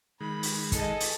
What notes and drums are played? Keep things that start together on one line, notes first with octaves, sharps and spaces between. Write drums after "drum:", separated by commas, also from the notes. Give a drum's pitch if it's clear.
D#3 G#3 B5
drum: open hi-hat
G#4 A4 D#5, drum: kick, hi-hat
drum: open hi-hat